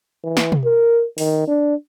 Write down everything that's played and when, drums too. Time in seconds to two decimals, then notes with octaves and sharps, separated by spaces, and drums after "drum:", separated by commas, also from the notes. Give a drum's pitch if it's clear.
0.24 E3
0.37 drum: snare
0.52 drum: tom
0.65 A#4
1.18 D#3, drum: open hi-hat
1.47 D4